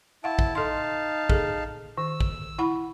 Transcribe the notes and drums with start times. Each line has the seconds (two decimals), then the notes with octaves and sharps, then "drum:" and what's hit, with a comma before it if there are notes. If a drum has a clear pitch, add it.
0.24 E4 F5 F#5 A5
0.39 drum: kick
0.55 D#4 A4 F5 A5 C6
1.30 G#4 A4, drum: kick
1.98 D#3 E6
2.20 drum: kick
2.59 E4 F#5 B5